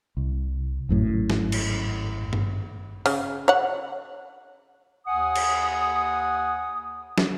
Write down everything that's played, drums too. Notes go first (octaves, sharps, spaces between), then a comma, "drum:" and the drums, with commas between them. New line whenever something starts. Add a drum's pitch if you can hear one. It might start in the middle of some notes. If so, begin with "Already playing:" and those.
C2
G#1 F#2 A2
drum: snare
drum: cymbal
drum: tom G2
C#3, drum: open hi-hat
C#5 F#5
D#2 F#5 G#5 D#6
drum: cymbal
drum: snare